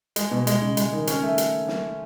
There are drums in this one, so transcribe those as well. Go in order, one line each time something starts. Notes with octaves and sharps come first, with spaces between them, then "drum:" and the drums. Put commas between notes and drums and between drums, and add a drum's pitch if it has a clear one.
G#3, drum: hi-hat
B2
G#3, drum: hi-hat
C#3
G#3, drum: hi-hat
D#3
C#4, drum: hi-hat
A3
drum: hi-hat
drum: snare